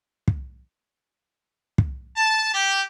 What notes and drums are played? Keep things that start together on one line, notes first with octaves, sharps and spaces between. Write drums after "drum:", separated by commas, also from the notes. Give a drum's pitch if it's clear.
drum: kick
drum: kick
A5
G4